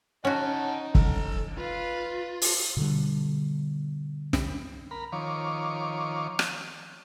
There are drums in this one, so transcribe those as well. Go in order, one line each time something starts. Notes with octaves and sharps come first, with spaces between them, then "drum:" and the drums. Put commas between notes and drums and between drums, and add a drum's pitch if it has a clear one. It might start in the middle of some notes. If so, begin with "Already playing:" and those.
C#4 D#4 F#4 F#5 A5
A4 A#5, drum: kick
F4 B4 F5
drum: open hi-hat
B2 D3 G3
drum: snare
A#4 B5
D#3 F3 C#5 D6
drum: rim click